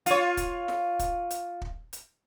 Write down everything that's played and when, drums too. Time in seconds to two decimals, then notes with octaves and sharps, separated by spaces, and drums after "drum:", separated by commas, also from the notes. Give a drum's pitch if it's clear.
0.06 F4 C#5, drum: hi-hat
0.37 drum: kick, hi-hat
0.68 drum: snare
0.99 drum: kick, hi-hat
1.30 drum: hi-hat
1.62 drum: kick
1.93 drum: hi-hat